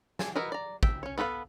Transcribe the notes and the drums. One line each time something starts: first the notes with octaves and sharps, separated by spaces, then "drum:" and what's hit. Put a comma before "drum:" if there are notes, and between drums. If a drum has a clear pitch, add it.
D5 G#5 A5, drum: snare
E4 F#4 A#4 B4 D#5
D5 A#5
E5 G5, drum: kick
C#4 C#5
B3 A4 B4 C#5 F5